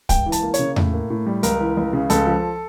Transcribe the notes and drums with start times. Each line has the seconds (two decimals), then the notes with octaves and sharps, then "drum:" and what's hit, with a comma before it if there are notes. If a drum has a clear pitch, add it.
0.09 C#2 G5, drum: kick, hi-hat
0.26 E3
0.32 A5, drum: hi-hat
0.43 A#3
0.54 C#5, drum: hi-hat
0.59 C#3
0.76 A2, drum: tom E2
0.94 A#3
1.10 A2
1.26 G3
1.43 C#2 A#4, drum: hi-hat
1.61 E3
1.77 C#2
1.93 C#3
2.10 C#2 A4, drum: hi-hat
2.27 F3